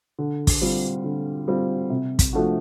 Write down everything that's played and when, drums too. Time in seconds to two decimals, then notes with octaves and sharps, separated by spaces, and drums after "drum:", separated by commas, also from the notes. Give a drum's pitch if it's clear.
0.19 D3
0.47 drum: kick, open hi-hat
0.62 G3 C4 F4
1.04 D3
1.48 G3 C4 F4
1.90 C3
2.19 drum: kick, hi-hat
2.33 F3 A3 D4 F#4